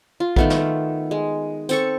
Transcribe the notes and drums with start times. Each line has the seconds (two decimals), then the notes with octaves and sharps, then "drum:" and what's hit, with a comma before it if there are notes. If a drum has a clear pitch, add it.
0.20 F4
0.36 D#3 A3 B3, drum: kick A#1
0.50 drum: snare
1.11 G#3
1.69 C4 A4 C#6, drum: tambourine